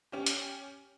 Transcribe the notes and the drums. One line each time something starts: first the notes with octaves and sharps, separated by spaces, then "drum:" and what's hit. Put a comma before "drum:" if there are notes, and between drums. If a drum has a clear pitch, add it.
C#4 G4
drum: hi-hat